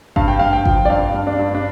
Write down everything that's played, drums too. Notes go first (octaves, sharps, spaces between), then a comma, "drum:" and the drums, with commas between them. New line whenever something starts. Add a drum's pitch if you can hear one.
G2 F5, drum: kick G#1
G5
G2 F5
G5
F3, drum: kick G#1
D5
G2 F5
G2
D4
G2
D4